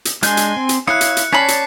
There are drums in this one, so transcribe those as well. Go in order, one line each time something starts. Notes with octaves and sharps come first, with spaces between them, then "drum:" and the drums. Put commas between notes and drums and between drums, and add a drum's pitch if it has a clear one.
drum: hi-hat
G#3 D4 G#5 C6 G6, drum: hi-hat
drum: hi-hat
C4
drum: hi-hat
E4 C#5 F5 D#6 F#6 C#7, drum: rim click
drum: hi-hat
drum: hi-hat
C#4 C#5 D5 A5 B5 B6 C7, drum: rim click
drum: hi-hat